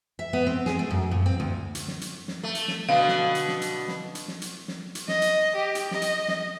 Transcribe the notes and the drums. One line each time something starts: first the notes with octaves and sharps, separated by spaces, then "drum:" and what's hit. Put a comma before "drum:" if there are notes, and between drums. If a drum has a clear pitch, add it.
E5
B3
C4
G#4, drum: snare
A3
F#2
A#2
C4
D2
drum: hi-hat
drum: snare
drum: hi-hat
drum: snare
A3
drum: hi-hat
drum: snare
B2 D3 F5
drum: snare
drum: hi-hat
drum: snare
drum: hi-hat
drum: snare
drum: hi-hat
drum: snare
drum: hi-hat
drum: snare
drum: hi-hat
D#5, drum: snare
drum: hi-hat
G4
drum: hi-hat
D#5, drum: snare
drum: hi-hat
drum: snare